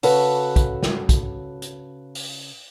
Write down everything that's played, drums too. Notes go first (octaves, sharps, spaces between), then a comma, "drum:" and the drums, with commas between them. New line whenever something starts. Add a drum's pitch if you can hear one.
C#3 F#4 A4 B4, drum: open hi-hat
drum: kick, hi-hat
drum: snare
drum: kick, hi-hat
drum: hi-hat
drum: open hi-hat